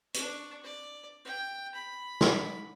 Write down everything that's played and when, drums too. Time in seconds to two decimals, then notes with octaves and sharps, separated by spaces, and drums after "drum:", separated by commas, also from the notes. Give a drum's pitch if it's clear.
0.14 D4 C#6, drum: hi-hat
0.63 D5
1.25 G5
1.74 B5
2.21 drum: snare